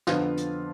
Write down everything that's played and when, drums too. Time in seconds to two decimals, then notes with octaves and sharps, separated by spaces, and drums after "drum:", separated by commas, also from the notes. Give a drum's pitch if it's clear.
0.07 F2 D3 F3 B3 F4, drum: snare
0.37 drum: hi-hat